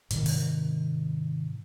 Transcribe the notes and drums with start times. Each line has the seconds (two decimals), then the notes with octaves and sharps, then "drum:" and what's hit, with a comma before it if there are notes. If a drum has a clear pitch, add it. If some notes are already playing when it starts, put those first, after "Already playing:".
0.10 G#2 C3 D#3, drum: hi-hat
0.26 drum: open hi-hat